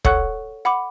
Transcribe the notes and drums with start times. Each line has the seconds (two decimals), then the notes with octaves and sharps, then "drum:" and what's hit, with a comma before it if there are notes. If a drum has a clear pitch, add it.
0.05 A4 C#5 F#5 C#6 F#6, drum: kick
0.65 F#5 B5 D6